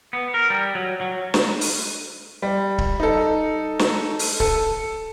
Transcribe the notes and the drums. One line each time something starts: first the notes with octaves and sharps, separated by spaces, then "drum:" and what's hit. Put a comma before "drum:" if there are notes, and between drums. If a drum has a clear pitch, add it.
B3
A#4
G3
F#3
F#3
drum: snare
drum: open hi-hat
G3
drum: kick D1
D#4 A4
drum: snare
drum: open hi-hat
A4, drum: kick D1